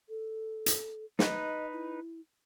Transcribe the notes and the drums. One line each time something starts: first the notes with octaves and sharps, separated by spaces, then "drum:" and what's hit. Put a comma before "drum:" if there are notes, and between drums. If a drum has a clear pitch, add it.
A4
drum: hi-hat
D#4 B4 D#5, drum: snare
E4